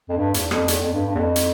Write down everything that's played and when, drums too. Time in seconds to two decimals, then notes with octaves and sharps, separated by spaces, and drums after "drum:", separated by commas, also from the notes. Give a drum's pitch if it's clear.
0.09 F2
0.17 G2
0.34 E2, drum: hi-hat
0.51 F2, drum: rim click
0.68 E2, drum: hi-hat
0.80 F2
0.93 G2
1.06 G2
1.15 E2
1.18 F2
1.36 drum: hi-hat